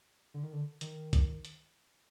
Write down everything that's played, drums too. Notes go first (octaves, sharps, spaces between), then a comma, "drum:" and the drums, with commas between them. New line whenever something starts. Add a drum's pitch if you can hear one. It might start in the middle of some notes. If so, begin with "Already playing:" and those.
D3
D#3
D3
D#3, drum: hi-hat
drum: kick B1, hi-hat
drum: hi-hat